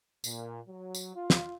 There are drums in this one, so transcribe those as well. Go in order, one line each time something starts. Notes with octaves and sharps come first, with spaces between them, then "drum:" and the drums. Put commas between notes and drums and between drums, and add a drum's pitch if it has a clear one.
A#2, drum: tambourine
F#3
drum: tambourine
F4
drum: snare